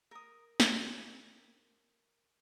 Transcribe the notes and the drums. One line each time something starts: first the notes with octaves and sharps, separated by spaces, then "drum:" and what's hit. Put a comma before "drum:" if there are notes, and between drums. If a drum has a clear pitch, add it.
A#4 D#6
drum: snare